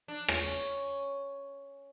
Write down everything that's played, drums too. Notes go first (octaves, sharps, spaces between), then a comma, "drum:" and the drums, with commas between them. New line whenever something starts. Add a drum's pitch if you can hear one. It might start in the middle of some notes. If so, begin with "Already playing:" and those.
D4
C#4, drum: rim click